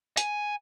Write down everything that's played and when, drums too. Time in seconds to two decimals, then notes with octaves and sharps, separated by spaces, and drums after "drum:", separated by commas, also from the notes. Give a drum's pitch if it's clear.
0.17 G#5, drum: hi-hat